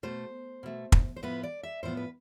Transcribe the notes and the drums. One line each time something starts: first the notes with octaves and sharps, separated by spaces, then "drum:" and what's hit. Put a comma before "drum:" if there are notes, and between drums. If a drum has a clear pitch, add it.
B2 A3 C5
B2 A3
drum: kick
C5
A2 F3 B3 B4
D5
E5
A2 F3 B3 C5
B4